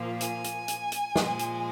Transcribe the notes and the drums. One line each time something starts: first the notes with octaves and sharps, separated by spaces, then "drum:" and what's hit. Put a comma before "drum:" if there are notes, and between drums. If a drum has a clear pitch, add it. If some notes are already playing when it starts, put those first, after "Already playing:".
Already playing: A#2 F3 A#3
G#5, drum: hi-hat
drum: hi-hat
drum: hi-hat
drum: hi-hat
A#2 F3 G#3, drum: snare
drum: hi-hat